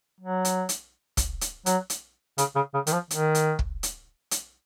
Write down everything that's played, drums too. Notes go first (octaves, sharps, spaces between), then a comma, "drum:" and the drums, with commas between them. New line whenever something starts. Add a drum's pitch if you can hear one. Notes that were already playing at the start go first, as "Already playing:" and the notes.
F#3
drum: hi-hat
drum: hi-hat
drum: kick, hi-hat
drum: hi-hat
F#3, drum: hi-hat
drum: hi-hat
C#3, drum: hi-hat
C#3
C#3
D#3, drum: hi-hat
F3
D#3, drum: hi-hat
drum: hi-hat
drum: kick
drum: hi-hat
drum: hi-hat